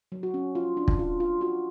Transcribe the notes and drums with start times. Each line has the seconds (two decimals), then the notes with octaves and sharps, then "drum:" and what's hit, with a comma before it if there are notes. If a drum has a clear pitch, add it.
0.12 F#3
0.23 F#4
0.34 C#4
0.55 F4
0.77 D4
0.88 drum: kick
0.99 F4
1.20 F4
1.41 F4 F#4